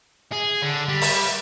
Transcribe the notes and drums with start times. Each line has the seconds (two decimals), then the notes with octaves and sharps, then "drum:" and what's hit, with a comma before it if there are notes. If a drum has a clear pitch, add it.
0.32 G#4
0.62 D3
0.88 G3
1.02 drum: open hi-hat